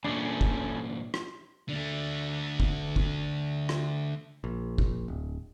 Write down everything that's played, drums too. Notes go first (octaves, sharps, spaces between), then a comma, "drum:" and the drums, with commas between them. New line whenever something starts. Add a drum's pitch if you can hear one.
E2 A#2 C#3 A3 C#4 D4
drum: kick
drum: rim click
D3 A3
drum: kick
drum: kick
drum: rim click
A#1
drum: kick
D1